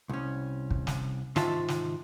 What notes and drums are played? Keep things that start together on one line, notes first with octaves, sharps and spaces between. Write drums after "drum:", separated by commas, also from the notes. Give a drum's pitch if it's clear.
C2 C#4
drum: kick
drum: snare
G#2 D#3 F4 E5 A5, drum: snare
drum: snare